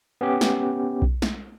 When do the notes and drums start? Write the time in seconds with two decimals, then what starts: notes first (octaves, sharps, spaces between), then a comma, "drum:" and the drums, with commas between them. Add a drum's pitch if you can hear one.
0.21 B3 C#4 G4
0.41 drum: snare
1.02 drum: kick B1
1.22 drum: snare